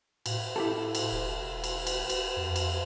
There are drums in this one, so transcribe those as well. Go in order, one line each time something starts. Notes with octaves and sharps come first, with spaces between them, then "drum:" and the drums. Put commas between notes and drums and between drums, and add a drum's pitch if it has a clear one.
A2, drum: cymbal
E4 G4 A4
drum: cymbal
E1
drum: cymbal
drum: cymbal
drum: cymbal
F2
drum: cymbal